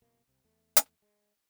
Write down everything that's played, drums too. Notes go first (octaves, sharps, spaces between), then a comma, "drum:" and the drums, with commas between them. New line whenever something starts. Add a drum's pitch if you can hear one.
F#1 B2 A#3
C2 C3
E2 A3
drum: hi-hat
G#3